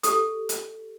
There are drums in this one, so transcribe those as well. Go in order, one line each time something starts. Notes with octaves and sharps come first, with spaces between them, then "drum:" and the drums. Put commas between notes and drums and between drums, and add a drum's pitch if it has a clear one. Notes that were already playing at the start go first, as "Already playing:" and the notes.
G4 A4 D#6, drum: hi-hat
drum: hi-hat